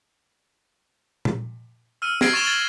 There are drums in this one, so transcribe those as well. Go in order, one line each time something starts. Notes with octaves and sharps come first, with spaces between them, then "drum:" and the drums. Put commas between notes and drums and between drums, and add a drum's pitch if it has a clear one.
drum: tom A#2
E6 F6 D#7
F6 G#6 A#6 C7 D7, drum: snare
C#6 A6 E7 F7 G7
G#6 A6 F#7 G7